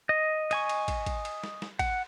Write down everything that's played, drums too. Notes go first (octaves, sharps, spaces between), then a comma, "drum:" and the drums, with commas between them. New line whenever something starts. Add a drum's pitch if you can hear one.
D#5
D#5 G#5 C#6, drum: cymbal
drum: cymbal
drum: kick, cymbal
drum: kick, cymbal
drum: cymbal
drum: snare
drum: snare
F#5, drum: kick, cymbal